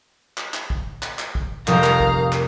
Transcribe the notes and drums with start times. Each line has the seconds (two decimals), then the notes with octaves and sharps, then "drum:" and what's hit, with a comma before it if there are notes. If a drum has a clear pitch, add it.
0.38 drum: clap
0.54 drum: clap
0.70 drum: kick
1.03 drum: clap
1.19 drum: clap
1.35 drum: kick
1.68 F1 A4 A#4 F5 G5 A#5 D#6, drum: clap
1.84 drum: clap
2.00 drum: kick
2.33 drum: clap